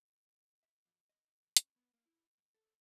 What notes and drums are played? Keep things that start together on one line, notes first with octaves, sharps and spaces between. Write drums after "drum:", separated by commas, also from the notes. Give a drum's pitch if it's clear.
E5
F2
D#5
B1
C#4, drum: hi-hat
B3
A#3
E4
G2
A4